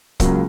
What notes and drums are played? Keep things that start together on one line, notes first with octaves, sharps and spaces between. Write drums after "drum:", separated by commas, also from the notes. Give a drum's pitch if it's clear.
C#2 C#3 F#3 A#3, drum: kick, hi-hat